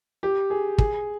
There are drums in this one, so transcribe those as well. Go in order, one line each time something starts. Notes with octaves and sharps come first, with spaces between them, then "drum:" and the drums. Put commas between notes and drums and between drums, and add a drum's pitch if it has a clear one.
G4
G#4
G#4, drum: kick